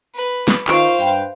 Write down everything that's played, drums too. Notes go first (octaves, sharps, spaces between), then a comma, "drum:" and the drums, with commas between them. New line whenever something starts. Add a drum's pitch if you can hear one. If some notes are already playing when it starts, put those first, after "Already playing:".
B4
drum: snare
D#3 F4 C5 F5 C#6 D7, drum: clap
G2 B4 E5 G5, drum: tambourine